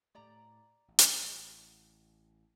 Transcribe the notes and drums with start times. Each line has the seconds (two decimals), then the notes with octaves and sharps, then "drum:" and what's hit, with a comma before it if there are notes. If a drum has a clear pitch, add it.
0.15 A2 A3 G4 D5 A#5
0.88 A1
0.99 drum: hi-hat